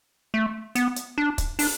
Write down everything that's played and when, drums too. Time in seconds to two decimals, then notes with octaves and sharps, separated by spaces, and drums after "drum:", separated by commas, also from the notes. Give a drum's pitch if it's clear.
0.34 A3
0.75 B3, drum: hi-hat
0.96 drum: hi-hat
1.18 D4
1.38 drum: kick, hi-hat
1.59 D4, drum: open hi-hat